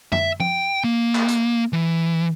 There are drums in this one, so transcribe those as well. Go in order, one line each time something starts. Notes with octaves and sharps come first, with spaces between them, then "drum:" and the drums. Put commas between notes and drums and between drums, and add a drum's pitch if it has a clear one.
E5, drum: tom F#2
G5, drum: tom
A#3
drum: clap
drum: hi-hat
E3